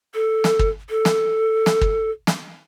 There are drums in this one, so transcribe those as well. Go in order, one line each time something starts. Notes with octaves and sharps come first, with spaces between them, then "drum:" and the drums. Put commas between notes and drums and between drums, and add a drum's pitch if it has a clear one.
A4
drum: snare
drum: kick
A4
drum: snare
drum: snare
drum: kick
drum: snare